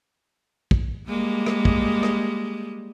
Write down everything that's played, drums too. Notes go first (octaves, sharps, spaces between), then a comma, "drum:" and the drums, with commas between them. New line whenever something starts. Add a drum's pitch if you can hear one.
drum: kick
G3 G#3 A#3
drum: rim click
drum: kick
drum: rim click